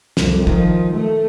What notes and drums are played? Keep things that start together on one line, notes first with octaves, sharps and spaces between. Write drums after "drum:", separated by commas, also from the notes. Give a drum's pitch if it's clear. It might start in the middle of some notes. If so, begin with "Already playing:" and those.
C2 F2, drum: snare
D#3 F3, drum: kick
A3